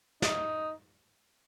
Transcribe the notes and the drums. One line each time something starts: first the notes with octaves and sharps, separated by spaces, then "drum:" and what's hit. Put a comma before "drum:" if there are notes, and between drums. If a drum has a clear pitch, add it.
D#4, drum: snare